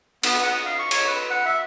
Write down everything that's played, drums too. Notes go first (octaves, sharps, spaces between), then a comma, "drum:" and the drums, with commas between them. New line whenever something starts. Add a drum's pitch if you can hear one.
B3, drum: cymbal
F#5
D#6
F5
C#6
C#5, drum: cymbal
B4
F#5
E5